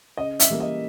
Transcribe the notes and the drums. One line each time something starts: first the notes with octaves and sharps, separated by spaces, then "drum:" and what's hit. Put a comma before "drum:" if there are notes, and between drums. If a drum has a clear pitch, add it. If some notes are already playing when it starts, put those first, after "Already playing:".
C#3 D#5
E5, drum: hi-hat
E3 G3 A#3
D#5